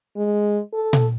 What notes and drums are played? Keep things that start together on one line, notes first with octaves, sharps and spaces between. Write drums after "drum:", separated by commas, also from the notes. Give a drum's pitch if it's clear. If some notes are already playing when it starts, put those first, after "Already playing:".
G#3
A4
drum: tom A#2